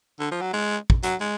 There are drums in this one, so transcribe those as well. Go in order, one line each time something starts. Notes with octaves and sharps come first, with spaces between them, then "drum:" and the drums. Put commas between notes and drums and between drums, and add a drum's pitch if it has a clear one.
D3
F3
F#3
G#3
drum: kick
F#3, drum: hi-hat
G#3